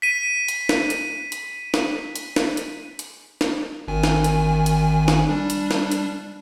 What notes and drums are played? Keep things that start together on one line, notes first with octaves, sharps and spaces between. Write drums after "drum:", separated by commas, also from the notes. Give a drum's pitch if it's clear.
B6 D#7
drum: hi-hat
drum: snare
drum: hi-hat
drum: hi-hat
drum: snare
drum: hi-hat
drum: snare
drum: hi-hat
drum: hi-hat
drum: snare
G#1 D#3 G#5
drum: snare
drum: hi-hat
drum: hi-hat
drum: snare
G3 D4
drum: hi-hat
drum: snare
drum: hi-hat